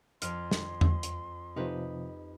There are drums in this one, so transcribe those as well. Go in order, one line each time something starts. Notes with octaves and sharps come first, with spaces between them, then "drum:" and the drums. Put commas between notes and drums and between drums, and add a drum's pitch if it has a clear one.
F2 C6 F6, drum: hi-hat
drum: snare
drum: tom E2
drum: hi-hat
C3 F3 D#4 G4 B4